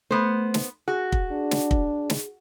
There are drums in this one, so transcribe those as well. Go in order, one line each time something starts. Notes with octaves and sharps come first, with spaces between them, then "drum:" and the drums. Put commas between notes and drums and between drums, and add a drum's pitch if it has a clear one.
A3 B3 C5
drum: snare
F#4 G#4
drum: kick
D4
drum: snare
drum: kick
drum: snare